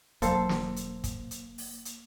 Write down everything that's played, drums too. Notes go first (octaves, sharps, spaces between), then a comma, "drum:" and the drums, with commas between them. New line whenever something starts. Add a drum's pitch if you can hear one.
E1 F#3 A#3 A4 C5, drum: hi-hat
drum: snare
drum: hi-hat
drum: kick, hi-hat
drum: hi-hat
drum: open hi-hat
drum: hi-hat